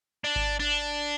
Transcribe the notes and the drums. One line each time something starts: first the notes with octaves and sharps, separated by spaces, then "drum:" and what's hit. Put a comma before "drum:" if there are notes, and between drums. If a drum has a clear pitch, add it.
D4
drum: kick G#1
D4